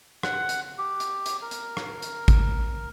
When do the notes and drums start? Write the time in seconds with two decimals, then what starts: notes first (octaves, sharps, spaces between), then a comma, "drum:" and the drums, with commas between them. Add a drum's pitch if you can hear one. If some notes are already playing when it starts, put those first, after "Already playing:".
0.23 F#5, drum: rim click
0.49 drum: hi-hat
0.78 G4
1.00 drum: hi-hat
1.26 drum: hi-hat
1.42 A#4
1.51 drum: hi-hat
1.77 drum: rim click
2.02 drum: hi-hat
2.28 drum: kick G#1, hi-hat